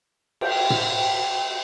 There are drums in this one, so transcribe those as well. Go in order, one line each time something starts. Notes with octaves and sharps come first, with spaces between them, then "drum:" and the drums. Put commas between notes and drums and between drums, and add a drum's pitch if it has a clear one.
G5, drum: cymbal
drum: tom